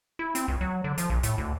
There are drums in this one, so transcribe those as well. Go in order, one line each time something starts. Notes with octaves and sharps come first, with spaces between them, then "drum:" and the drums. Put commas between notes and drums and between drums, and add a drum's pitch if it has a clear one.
E4
C4, drum: hi-hat
C#2
F#3
D3
F3, drum: hi-hat
A#1
A2, drum: hi-hat
D2